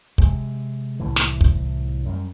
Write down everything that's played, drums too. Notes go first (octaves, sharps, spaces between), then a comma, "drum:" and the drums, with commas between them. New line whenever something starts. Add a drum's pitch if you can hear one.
C3 G#3, drum: kick
C2 A2 E3
drum: snare
drum: kick
F#2 G3